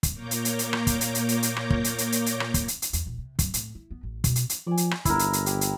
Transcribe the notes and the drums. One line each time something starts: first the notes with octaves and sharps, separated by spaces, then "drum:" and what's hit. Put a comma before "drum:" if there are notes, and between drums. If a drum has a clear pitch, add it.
drum: kick, hi-hat
A#2 A#3 C#5 A#5 D6 G6
drum: hi-hat
drum: hi-hat
drum: hi-hat
drum: rim click
drum: kick, hi-hat
drum: hi-hat
drum: hi-hat
drum: hi-hat
drum: hi-hat
drum: rim click
drum: kick
drum: hi-hat
drum: hi-hat
drum: hi-hat
drum: hi-hat
drum: rim click
drum: kick, hi-hat
drum: hi-hat
drum: hi-hat
E2, drum: hi-hat
D#1
C3
F#2, drum: kick, hi-hat
A2, drum: hi-hat
E4
B3
A1
B2, drum: kick, hi-hat
drum: hi-hat
drum: hi-hat
F3 D5 G#5
drum: hi-hat
drum: rim click
G1 E4 A#4, drum: kick, hi-hat
drum: hi-hat
drum: hi-hat
G4, drum: hi-hat
drum: hi-hat